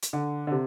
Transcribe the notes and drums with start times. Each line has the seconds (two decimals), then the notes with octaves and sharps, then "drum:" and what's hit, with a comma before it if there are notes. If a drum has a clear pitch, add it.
0.02 drum: hi-hat
0.13 D3
0.47 D3
0.51 C3